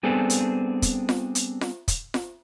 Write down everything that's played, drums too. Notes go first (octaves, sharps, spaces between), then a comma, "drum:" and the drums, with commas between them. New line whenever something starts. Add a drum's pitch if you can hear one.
G3 B3 C4 D4 G#4 A4
drum: hi-hat
drum: kick, hi-hat
drum: snare F4
drum: hi-hat
drum: snare F4
drum: kick, hi-hat
drum: snare F4